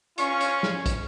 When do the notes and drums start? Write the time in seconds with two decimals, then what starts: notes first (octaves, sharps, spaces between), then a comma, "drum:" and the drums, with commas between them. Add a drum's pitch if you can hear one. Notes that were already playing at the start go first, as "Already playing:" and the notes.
0.18 C#4 F4 F5 C#6, drum: hi-hat
0.40 drum: hi-hat
0.63 drum: snare
0.86 drum: kick, hi-hat